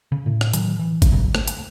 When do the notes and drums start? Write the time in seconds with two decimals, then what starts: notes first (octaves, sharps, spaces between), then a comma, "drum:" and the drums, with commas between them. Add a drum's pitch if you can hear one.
0.12 C#3
0.26 A2
0.41 drum: rim click
0.53 A2 D#3 F#3, drum: hi-hat
0.79 E3
1.02 drum: kick G#1, hi-hat
1.12 C2 G#2 C#3 F#3
1.35 A3, drum: rim click
1.48 drum: hi-hat